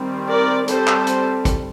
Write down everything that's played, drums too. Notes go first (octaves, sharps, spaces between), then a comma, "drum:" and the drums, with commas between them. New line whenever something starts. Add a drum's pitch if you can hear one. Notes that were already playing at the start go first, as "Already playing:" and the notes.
Already playing: D#3 G3 C4
A#4 D5
G3 C4 A4 C5, drum: hi-hat
drum: clap
drum: hi-hat
drum: kick, hi-hat